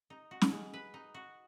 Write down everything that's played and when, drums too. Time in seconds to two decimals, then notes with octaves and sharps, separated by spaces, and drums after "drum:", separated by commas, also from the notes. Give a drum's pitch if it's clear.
0.10 D#4
0.31 F#4
0.42 drum: snare
0.52 G#3
0.74 B4
0.94 D#4
1.14 F#4